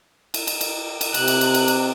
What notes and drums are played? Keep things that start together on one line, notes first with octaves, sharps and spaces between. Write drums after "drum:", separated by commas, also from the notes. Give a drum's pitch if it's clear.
drum: cymbal
drum: cymbal
drum: cymbal
drum: cymbal
C3 F#6, drum: cymbal
drum: cymbal
drum: cymbal
drum: cymbal
drum: cymbal